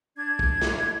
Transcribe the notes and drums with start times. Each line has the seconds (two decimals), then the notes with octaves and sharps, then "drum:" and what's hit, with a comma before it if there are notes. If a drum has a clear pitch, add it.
0.17 D4 G#6
0.39 drum: kick
0.62 drum: snare